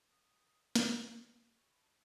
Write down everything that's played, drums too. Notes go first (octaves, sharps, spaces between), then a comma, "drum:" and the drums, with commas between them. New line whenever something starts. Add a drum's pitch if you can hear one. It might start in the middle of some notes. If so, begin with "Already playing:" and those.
D#6
drum: snare
C#6
B5
A5